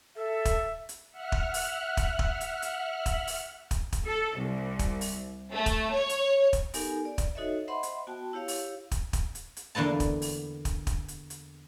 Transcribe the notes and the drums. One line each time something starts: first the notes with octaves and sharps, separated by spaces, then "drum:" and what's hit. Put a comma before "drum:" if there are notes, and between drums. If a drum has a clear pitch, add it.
A4 E5
drum: kick, hi-hat
drum: hi-hat
E5 F#5 F6 F#6
drum: kick
drum: open hi-hat
drum: kick, hi-hat
drum: kick
drum: hi-hat
drum: hi-hat
drum: kick, hi-hat
drum: open hi-hat
drum: kick, hi-hat
drum: kick, hi-hat
A4
C2
drum: kick, hi-hat
drum: open hi-hat
A3
drum: kick, hi-hat
C#5
drum: hi-hat
drum: kick, hi-hat
B3 D#4 G4 A4 A#4 G#5, drum: open hi-hat
D5
drum: kick, hi-hat
D#4 F#4 A4 C#5 D#5 E5
C5 D#5 E5 F#5 B5 C6
drum: hi-hat
B3 F#4 G5 A5
E4 G4 C#5 F5
drum: open hi-hat
drum: kick, hi-hat
drum: kick, hi-hat
drum: hi-hat
drum: hi-hat
E2 D3 A#3 B3 A5
drum: kick, hi-hat
drum: open hi-hat
drum: kick, hi-hat
drum: kick, hi-hat
drum: hi-hat
drum: hi-hat